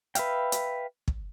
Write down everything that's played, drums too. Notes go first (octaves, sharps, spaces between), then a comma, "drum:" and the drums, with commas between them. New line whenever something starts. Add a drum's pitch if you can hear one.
B4 E5 F5 G5, drum: hi-hat
drum: hi-hat
drum: kick